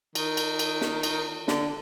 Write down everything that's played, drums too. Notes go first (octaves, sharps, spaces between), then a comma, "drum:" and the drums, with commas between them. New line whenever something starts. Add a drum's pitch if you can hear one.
D#3, drum: cymbal
drum: cymbal
drum: cymbal
drum: snare
drum: cymbal
D3, drum: snare